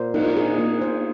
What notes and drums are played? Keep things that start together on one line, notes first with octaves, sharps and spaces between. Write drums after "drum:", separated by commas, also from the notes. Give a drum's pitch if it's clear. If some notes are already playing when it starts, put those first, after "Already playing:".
Already playing: A#2 C5
D#4, drum: cymbal
G#4
A#3
C5